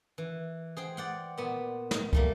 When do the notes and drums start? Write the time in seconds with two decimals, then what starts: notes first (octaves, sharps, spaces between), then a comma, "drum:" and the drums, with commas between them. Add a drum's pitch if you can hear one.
0.18 E3
0.77 G#4 C5 G5
0.97 D5 F#5 G5
1.38 A#2 B3
1.91 drum: snare
2.13 G3 A3 A#3, drum: kick